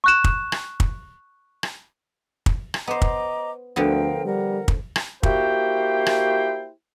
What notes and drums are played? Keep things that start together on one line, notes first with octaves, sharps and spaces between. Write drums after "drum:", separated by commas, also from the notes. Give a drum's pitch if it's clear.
C#6 F#6 E7
drum: kick
drum: rim click
drum: kick
drum: rim click
drum: kick
drum: rim click
B3 C5 D#5 A#5 D6
drum: kick
D2 D3 F3 B3 A#4 F5 G5
G3 A#4 F#5
drum: kick
drum: rim click
A#3 E4 F#4 G4 C5 G5, drum: kick
drum: rim click